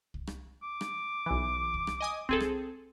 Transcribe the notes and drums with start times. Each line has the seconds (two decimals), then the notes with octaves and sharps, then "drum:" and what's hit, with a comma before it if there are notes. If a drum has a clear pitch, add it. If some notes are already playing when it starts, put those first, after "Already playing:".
0.14 drum: kick C2
0.27 drum: rim click
0.63 D6
0.81 drum: rim click
1.26 B1 E3
1.74 drum: kick C2
1.87 drum: rim click
2.01 D#5 G#5 D#6
2.29 C4 G#4 A4, drum: kick C2
2.40 drum: rim click